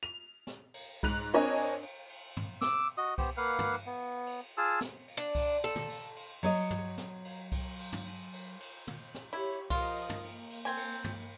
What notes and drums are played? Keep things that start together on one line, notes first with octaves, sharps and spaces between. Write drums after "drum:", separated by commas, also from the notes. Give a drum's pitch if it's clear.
F7
drum: snare
drum: cymbal
G#2 F#6 F7, drum: kick C2, cymbal
C4 D4 A#4 C#5 D#5 G#5
drum: cymbal
drum: cymbal
drum: cymbal
drum: tom
D6 E6, drum: snare
F#4 D#5 D#6
B3 G4 C5, drum: kick C2, cymbal
A#3 B4 F5 F#5
drum: tom
drum: cymbal
B3
drum: cymbal
F4 G#4 A5 E6
drum: snare
drum: cymbal
D4
drum: kick C2, cymbal
A4, drum: cymbal
drum: tom
drum: cymbal
drum: cymbal
F#3 C#5 D#5, drum: cymbal
drum: tom
drum: snare
drum: cymbal
drum: kick C2, cymbal
drum: cymbal
drum: tom
drum: cymbal
drum: cymbal
drum: cymbal
drum: tom
drum: snare
E4 G4 C#5
F3 F4 A#4 D#5, drum: kick C2, cymbal
drum: cymbal
drum: tom
A#3, drum: cymbal
drum: cymbal
C4 G#5
drum: cymbal
drum: tom